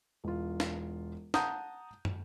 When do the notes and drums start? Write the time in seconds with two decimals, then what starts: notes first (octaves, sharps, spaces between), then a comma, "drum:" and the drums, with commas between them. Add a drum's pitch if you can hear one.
0.24 E1 F4
0.60 drum: snare
1.34 F#5 A5 A#5 D#6 G6, drum: snare
2.05 drum: tom